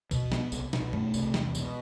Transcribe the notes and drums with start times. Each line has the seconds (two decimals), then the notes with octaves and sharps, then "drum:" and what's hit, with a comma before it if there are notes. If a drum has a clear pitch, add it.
0.11 B2, drum: kick A#1, tambourine
0.32 B3, drum: snare
0.52 C2, drum: tambourine
0.73 B2, drum: snare
0.93 A3, drum: tom F#2
1.14 C2, drum: tambourine
1.34 E2, drum: snare
1.55 B2, drum: tambourine